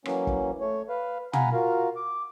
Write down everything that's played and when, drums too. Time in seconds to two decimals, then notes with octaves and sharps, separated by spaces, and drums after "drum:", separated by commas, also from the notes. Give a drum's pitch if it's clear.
0.05 E3 F#3 A#3 C#4, drum: rim click
0.27 drum: kick
0.61 A3 C#5
0.89 B4 F5
1.33 F5 F#5 G#5 A#5 B5, drum: tom
1.53 F4 F#4 A#4 F5
1.96 D6